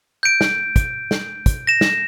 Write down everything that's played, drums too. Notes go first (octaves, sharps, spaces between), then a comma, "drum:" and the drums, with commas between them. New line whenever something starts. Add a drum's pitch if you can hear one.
G6 D7
drum: snare
drum: kick, hi-hat
drum: snare
drum: kick, hi-hat
A#6 E7
drum: snare